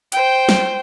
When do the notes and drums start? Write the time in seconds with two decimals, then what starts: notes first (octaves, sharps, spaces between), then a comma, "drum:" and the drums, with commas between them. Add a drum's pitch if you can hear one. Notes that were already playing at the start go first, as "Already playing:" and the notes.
0.12 C5 G5, drum: hi-hat
0.49 drum: snare